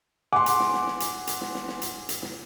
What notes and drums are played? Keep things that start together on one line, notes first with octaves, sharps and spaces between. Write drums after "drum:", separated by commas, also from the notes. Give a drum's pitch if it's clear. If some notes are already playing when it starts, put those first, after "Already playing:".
F#5 G#5 C6 D6
drum: hi-hat
drum: snare
drum: snare
drum: snare
drum: hi-hat
drum: hi-hat
drum: snare
drum: snare
drum: snare
drum: hi-hat
drum: hi-hat
drum: snare